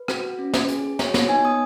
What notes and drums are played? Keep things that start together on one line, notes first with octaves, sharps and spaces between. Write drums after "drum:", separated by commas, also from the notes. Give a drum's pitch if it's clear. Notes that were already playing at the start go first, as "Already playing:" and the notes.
Already playing: B4
F#4, drum: rim click
F#4
C#4
C#4, drum: snare
G#4, drum: hi-hat
G#4
F#4 C#5, drum: snare
B3 C#5, drum: snare
D#4 G#5
B3 D#6